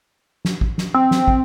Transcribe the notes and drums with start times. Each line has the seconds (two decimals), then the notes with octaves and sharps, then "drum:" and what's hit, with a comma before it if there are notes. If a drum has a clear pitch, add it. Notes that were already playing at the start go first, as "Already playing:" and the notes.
0.45 drum: snare
0.61 drum: kick
0.78 drum: snare
0.94 C4
1.11 drum: snare
1.28 drum: kick